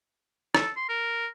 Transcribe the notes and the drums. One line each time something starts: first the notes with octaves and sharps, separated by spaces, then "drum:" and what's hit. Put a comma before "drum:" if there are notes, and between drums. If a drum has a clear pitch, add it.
A4, drum: rim click
C6
A#4